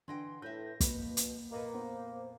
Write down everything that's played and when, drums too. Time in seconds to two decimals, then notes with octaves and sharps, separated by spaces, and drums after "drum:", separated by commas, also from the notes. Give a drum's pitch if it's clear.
0.08 D3 E3 D#5 G5 C6
0.42 A2 B4 E5 G6 A#6
0.81 B2 A#3 F#4 B4, drum: kick, hi-hat
1.17 drum: hi-hat
1.52 F2 A#2 A#3 B4 D#5
1.74 B3 C5